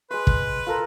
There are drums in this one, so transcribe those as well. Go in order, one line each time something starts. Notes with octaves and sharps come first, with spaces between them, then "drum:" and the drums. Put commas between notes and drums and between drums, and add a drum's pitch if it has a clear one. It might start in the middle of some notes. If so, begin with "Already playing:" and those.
G#3 B4 C6
drum: kick
F4 A4 A#4